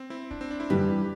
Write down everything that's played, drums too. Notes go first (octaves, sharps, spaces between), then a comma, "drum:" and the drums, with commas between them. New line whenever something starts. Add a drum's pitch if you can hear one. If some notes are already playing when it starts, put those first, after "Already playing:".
Already playing: C4
C4 E4
D4, drum: kick
C4
D4
C4 E4
G2 E3 G3 G4 B4, drum: tom F#2